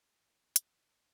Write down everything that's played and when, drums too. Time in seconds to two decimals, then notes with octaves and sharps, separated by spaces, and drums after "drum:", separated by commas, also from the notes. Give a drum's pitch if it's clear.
0.16 G1 D#3
0.56 drum: hi-hat